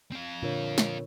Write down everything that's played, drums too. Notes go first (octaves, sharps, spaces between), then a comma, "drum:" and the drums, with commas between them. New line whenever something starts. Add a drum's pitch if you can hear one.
C4 F5
A#2 D3 D4 F4 A#4 C#5
drum: snare